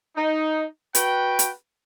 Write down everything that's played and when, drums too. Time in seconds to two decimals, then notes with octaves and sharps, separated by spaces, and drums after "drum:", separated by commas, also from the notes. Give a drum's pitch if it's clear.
0.16 D#4
0.95 F#4 B4 G5, drum: hi-hat
1.39 drum: hi-hat